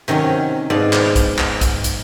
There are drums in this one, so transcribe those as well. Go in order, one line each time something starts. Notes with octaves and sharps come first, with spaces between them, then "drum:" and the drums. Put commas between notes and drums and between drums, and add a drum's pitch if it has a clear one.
C3 D#3 F#3 C#4
G#2 B2 D5 F5
drum: clap
drum: kick, hi-hat
drum: clap
drum: kick, hi-hat
drum: hi-hat